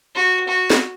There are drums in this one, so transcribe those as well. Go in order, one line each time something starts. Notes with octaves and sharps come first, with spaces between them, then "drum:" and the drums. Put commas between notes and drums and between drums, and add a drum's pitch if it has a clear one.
F#4
F#4
drum: snare